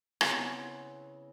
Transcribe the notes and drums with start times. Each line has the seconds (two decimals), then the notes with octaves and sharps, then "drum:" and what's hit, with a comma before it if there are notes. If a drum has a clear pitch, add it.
0.21 C#3 B3 C4 E4, drum: rim click